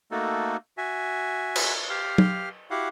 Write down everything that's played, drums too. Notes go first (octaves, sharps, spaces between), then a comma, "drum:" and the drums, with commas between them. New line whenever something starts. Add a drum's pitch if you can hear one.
A3 A#3 D#4 F#4 A4
F#4 E5 G#5
drum: cymbal
G4 F5 F6
drum: tom
E4 F#4 G4 F5 F#5